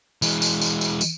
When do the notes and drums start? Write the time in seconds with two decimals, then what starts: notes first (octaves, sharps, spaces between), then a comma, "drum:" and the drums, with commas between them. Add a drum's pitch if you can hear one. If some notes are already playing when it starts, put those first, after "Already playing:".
0.22 E3 G#3, drum: tambourine
0.42 drum: tambourine
0.61 drum: tambourine
0.81 drum: tambourine
1.01 drum: tambourine